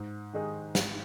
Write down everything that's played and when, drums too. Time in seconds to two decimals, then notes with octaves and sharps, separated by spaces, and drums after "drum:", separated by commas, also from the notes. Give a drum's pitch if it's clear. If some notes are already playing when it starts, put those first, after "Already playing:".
Already playing: G#2
0.33 D#3 G#3 D#4 G#4
0.75 G#1, drum: snare